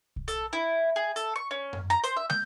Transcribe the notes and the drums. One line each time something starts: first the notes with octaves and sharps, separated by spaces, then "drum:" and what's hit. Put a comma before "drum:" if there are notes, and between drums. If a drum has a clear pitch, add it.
drum: kick B1
A4, drum: hi-hat
E4
G#4
A4, drum: hi-hat
C#6
C#4
drum: tom F#2
A#5
C5, drum: hi-hat
E5
G6, drum: snare